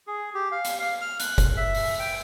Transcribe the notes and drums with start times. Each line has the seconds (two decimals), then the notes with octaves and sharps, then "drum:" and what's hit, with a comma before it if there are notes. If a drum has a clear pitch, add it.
0.07 G#4
0.34 G4
0.52 F5
0.65 drum: hi-hat
0.79 F5
1.01 F6
1.20 F#6, drum: hi-hat
1.38 drum: kick F#1, hi-hat
1.57 E5
1.75 drum: open hi-hat
2.00 G5